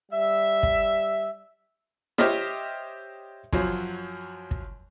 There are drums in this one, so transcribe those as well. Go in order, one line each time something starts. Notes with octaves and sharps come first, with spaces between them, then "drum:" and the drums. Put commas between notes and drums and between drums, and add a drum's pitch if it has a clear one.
G3 E5
drum: kick
G4 C5 C#5 D#5 E5 F6, drum: snare
F#2 F3 F#3, drum: kick
drum: kick